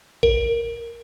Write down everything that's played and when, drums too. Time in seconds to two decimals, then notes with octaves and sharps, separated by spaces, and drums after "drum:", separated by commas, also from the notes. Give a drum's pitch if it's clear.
0.23 A#4, drum: kick